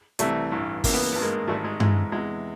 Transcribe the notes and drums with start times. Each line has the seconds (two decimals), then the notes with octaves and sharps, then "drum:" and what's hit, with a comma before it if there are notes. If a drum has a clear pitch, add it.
0.19 C2 C3 E3 G3 A3, drum: hi-hat
0.51 A1 G2 E3
0.84 E2 C#3 E3 A#3, drum: kick, open hi-hat
0.94 B3
1.03 A#3
1.13 G#1 G2 D#3 B3
1.22 G#3 A#3
1.48 G#1 G#2 D#3 G3 A3
1.64 G#3
1.80 A1 G#2 E3 G#3, drum: tom G2
2.12 E2 C3 E3 G#3